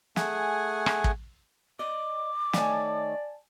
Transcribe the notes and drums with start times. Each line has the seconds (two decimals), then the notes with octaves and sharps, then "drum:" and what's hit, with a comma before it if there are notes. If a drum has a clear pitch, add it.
0.16 A3 G#4 F#5 G#5, drum: snare
0.86 drum: rim click
1.04 drum: kick
1.79 D5 D#5 D6
2.53 D#3 A3 C#5 D5 G#5 A5, drum: snare